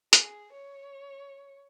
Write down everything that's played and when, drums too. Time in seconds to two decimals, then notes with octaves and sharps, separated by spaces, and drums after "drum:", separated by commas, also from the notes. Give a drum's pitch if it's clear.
0.13 G#4, drum: hi-hat
0.52 C#5